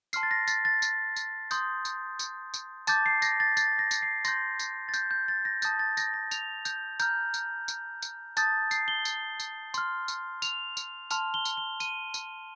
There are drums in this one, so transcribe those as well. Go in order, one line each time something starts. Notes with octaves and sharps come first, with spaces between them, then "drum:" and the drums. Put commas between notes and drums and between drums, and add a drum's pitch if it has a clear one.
A5 C6 F6 C7, drum: tambourine
A6
A#6
A6, drum: tambourine
A6
drum: tambourine
drum: tambourine
C6 D#6 G6, drum: tambourine
drum: tambourine
drum: tambourine
drum: tambourine
A5 D6 G6 A6, drum: tambourine
C7
A#6, drum: tambourine
A6
A6, drum: tambourine
A#6
drum: tambourine
C7
C6 G6 A#6, drum: tambourine
drum: tambourine
A6
G6, drum: tambourine
G6
A6
A#6
A5 D#6 G6 A6, drum: tambourine
A6
A#6, drum: tambourine
A#6
F7, drum: tambourine
G6, drum: tambourine
A#5 F6 G6, drum: tambourine
drum: tambourine
drum: tambourine
drum: tambourine
A5 D#6 G6 A6, drum: tambourine
C7, drum: tambourine
G7
drum: tambourine
drum: tambourine
C6 F6, drum: tambourine
drum: tambourine
F7, drum: tambourine
drum: tambourine
A5 C6 F6 F7, drum: tambourine
G7
drum: tambourine
G7
D#7, drum: tambourine
drum: tambourine